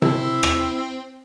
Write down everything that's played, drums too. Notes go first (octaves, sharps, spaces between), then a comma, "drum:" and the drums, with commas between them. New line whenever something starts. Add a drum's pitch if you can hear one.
C4 E4, drum: tom C3
drum: rim click